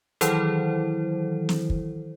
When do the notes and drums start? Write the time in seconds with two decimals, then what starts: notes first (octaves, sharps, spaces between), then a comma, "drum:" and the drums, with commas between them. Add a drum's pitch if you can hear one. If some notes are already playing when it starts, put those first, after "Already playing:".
0.21 D#3 E3 F#3 E4 A4 C5, drum: hi-hat
1.49 drum: snare
1.70 drum: kick